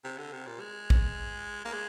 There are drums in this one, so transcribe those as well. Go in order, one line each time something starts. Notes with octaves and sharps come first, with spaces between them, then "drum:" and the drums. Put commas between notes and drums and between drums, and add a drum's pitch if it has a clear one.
C3
D3
C3
A#2
G#3
drum: kick A1
A#3
G#3